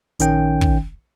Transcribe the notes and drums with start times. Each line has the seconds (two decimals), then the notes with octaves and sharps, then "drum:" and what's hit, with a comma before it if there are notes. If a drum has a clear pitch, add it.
0.19 A#1 D#3 C#4 G5, drum: hi-hat
0.61 drum: kick